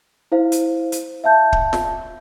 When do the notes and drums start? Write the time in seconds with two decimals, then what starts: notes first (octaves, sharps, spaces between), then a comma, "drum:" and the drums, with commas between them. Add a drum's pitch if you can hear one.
0.32 E4 C5 F5
0.52 drum: hi-hat
0.92 drum: hi-hat
1.24 E5 F5 A5 G6
1.53 drum: kick
1.73 drum: snare